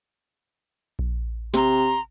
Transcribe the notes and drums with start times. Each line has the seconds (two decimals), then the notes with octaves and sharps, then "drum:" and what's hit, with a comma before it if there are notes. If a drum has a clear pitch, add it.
0.99 drum: kick A#1
1.54 C3 A#5 C6, drum: snare